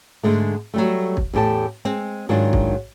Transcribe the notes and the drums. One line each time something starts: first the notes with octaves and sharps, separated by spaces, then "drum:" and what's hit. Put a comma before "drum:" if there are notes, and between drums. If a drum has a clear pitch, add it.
G#2 D3 G#3 A3
F#3 G3 A3
drum: kick
E2 A2 G4 A4 A5
G#3 C4
G#2 D#3 F#3 D4 F4
drum: kick